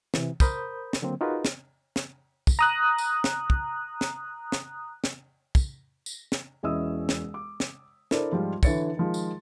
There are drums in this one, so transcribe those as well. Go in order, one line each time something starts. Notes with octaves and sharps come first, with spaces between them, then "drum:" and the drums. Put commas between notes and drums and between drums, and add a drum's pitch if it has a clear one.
C3 E3, drum: snare
A#4 C5 B5 D#6 G6, drum: kick, tambourine
drum: snare
D3 F#3 A#3 C4
D#4 F4 F#4 G#4 A#4 B4
drum: snare
drum: snare
drum: kick, tambourine
A#5 D#6 F#6
drum: tambourine
drum: snare
drum: kick
drum: snare
drum: snare
drum: snare
drum: kick, tambourine
drum: tambourine
drum: snare
E1 E3 C#4 D#5 D#6 E6
drum: snare
D6
drum: snare
D4 E4 A4 A#4 C5 D5, drum: snare
G#2 F3 G3 F4
D3 E3 B4 C#5 A6 C#7, drum: kick, tambourine
D#3 F3 G#3
drum: tambourine